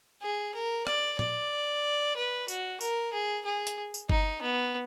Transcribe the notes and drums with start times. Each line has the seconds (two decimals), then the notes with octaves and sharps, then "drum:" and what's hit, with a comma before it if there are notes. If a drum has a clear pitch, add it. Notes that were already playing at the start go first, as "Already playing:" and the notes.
0.22 G#4
0.55 A#4
0.87 D5, drum: rim click
1.19 D5, drum: tom A#2
2.16 B4
2.48 F#4, drum: tambourine
2.81 A#4, drum: tambourine
3.13 G#4
3.45 G#4
3.67 drum: hi-hat
3.94 drum: tambourine
4.09 D#4, drum: kick G1
4.42 B3